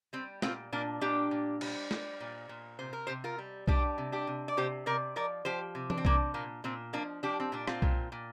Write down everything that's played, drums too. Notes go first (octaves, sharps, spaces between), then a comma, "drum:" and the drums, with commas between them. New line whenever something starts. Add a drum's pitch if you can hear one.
G3 C4
A#2 C4 F4, drum: snare
A#2 A#3 D4
A#2 D4 G4
A#2
G3, drum: cymbal
G3, drum: snare
A#2
A#2
C3 C5
A#4
C3 G4 C5
F4 A#4
G3
G3 D4 G4, drum: kick B1
C3
D4 G4
C3
D5
C3 G4 C5
C3 A#4 D5
F3 A#4 D5
F3 G4 C5
C3
D4, drum: tom E3
C4
C3 A#3 D4, drum: kick B1
A#2 A#3
A#2 C4
F3 A#3 D4
F3 D4 G4
C4
A#2 D4
C4 F4, drum: rim click
A#2, drum: kick B1
A#2